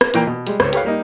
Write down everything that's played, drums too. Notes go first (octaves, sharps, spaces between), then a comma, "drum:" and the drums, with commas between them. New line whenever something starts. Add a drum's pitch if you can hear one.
drum: rim click
A#2 E3 A#3 G5 A#5, drum: hi-hat
B2
G3 G#3, drum: hi-hat
C#2 C5 C#5, drum: rim click
G4 A4 B4 C#5 F5, drum: hi-hat
G3 A#3 D#4